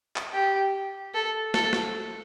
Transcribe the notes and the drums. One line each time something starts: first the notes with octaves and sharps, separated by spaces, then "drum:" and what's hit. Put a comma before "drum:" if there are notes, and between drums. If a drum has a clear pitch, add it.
drum: clap
G4
A4
A4, drum: snare
drum: snare